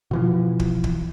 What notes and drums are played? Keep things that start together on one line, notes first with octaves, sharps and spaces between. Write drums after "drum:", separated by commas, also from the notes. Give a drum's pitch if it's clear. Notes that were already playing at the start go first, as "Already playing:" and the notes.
B2 E3 F3
drum: kick
drum: kick